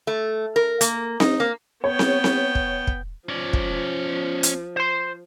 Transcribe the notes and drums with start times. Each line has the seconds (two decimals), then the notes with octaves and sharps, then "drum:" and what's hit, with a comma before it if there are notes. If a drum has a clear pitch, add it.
0.07 A3
0.56 A#4
0.81 A#3, drum: hi-hat
1.20 D#4, drum: snare C4
1.40 A#3
1.84 B3 C#5 G5
1.99 drum: snare C4
2.24 drum: snare C4
2.55 drum: kick
2.87 drum: kick
3.29 F3 C#4 D5
3.53 drum: kick
4.43 drum: hi-hat
4.76 C5 C6